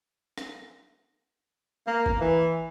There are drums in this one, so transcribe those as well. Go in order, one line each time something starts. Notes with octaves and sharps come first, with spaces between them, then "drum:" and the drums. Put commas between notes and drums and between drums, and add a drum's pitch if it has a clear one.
drum: rim click
A#3
drum: kick F#1
E3